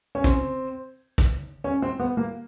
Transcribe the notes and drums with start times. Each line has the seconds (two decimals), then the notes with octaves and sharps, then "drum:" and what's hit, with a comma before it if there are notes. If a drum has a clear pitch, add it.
0.15 C#4
0.24 C4, drum: kick
1.18 drum: kick
1.64 C#4
1.82 C4
2.00 B3
2.17 A#3